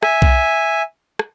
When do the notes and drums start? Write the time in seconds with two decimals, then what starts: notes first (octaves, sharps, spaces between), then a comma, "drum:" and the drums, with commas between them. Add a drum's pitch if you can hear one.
0.03 E5 G#5, drum: rim click
0.22 drum: kick B1
1.19 drum: rim click